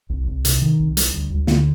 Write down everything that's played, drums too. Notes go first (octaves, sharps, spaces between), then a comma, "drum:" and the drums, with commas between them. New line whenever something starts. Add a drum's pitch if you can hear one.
C2
C2
C3, drum: hi-hat
D#3
C2
G3, drum: hi-hat
D2
D2
D3, drum: snare